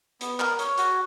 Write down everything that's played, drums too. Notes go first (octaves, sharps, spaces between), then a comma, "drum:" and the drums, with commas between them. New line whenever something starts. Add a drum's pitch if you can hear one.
B3, drum: hi-hat
A#4, drum: clap
C#5, drum: hi-hat
F#4, drum: hi-hat